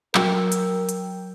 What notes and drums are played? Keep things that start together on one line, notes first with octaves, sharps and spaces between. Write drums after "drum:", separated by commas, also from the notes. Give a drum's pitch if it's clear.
F#3 A#4 G5 E6, drum: clap
drum: hi-hat
drum: hi-hat